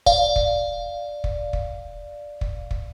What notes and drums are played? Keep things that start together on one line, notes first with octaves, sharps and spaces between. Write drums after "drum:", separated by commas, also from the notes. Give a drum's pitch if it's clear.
D5 F5, drum: kick
drum: kick
drum: kick
drum: kick
drum: kick
drum: kick